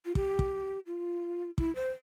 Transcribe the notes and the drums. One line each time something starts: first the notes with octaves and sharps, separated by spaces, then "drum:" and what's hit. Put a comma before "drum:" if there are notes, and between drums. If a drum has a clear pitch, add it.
F4
G4, drum: kick
drum: kick
F4
E4, drum: kick
C5